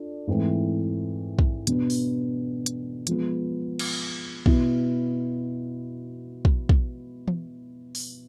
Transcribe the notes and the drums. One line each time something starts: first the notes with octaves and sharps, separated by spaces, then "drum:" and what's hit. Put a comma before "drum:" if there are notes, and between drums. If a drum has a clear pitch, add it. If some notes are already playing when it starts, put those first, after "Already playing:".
Already playing: D4 F4 A4 D5
G#2 E3 A3 C4 E4
drum: kick
B2 B3 D4, drum: hi-hat
drum: open hi-hat
drum: hi-hat
F3 G#3 B3, drum: hi-hat
drum: cymbal
B2 B3 E4, drum: kick
drum: kick
drum: kick
drum: tom E3
drum: open hi-hat